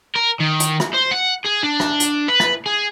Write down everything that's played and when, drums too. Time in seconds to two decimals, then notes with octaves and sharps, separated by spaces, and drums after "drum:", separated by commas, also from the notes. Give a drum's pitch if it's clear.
0.15 A#4
0.40 D#3
0.60 drum: hi-hat
0.80 drum: rim click
0.94 C5
1.11 F#5
1.45 G#4
1.63 D4
1.80 drum: rim click
2.00 drum: hi-hat
2.28 B4
2.40 drum: rim click
2.66 G#4